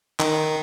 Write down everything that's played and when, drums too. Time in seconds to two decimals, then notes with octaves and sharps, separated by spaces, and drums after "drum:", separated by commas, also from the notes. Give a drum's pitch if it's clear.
0.20 D#3, drum: clap